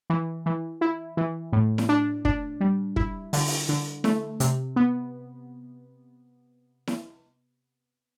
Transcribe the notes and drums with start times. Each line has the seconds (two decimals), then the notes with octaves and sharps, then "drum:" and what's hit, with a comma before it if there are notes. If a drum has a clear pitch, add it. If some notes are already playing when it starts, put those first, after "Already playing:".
0.10 E3
0.46 E3
0.81 E4
1.17 E3
1.53 A2
1.78 drum: snare E4
1.89 D4
2.25 D4, drum: kick
2.61 G3
2.96 E4, drum: kick
3.33 D3, drum: open hi-hat
3.47 drum: open hi-hat
3.69 D3
4.04 A3, drum: snare E4
4.40 C3, drum: hi-hat
4.76 B3
6.87 drum: snare E4